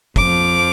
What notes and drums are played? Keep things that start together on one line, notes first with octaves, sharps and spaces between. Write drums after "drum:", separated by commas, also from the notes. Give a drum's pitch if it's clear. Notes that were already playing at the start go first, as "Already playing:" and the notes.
F2 F3 D6, drum: kick